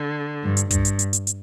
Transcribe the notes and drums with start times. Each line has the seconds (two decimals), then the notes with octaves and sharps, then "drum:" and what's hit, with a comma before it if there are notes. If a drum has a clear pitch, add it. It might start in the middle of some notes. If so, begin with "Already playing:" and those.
Already playing: D3
0.42 G2
0.57 drum: hi-hat
0.71 G2, drum: kick, hi-hat
0.85 drum: hi-hat
0.99 drum: hi-hat
1.13 drum: hi-hat
1.27 drum: hi-hat